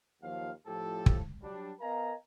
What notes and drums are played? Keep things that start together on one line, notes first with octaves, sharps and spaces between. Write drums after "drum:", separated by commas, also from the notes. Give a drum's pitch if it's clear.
D#2 F3 F#3 F5
A2 F3 G4 A4
drum: kick
F#3 G3 D4
B3 A#4 D#5 F5 G#5 A#5